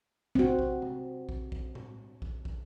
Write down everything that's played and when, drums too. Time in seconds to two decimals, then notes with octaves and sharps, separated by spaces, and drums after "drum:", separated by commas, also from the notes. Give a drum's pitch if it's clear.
0.35 C4 F#4, drum: kick
0.59 drum: kick
0.82 drum: tom C3
1.29 drum: kick
1.52 drum: kick
1.75 drum: tom A2
2.22 drum: kick
2.45 drum: kick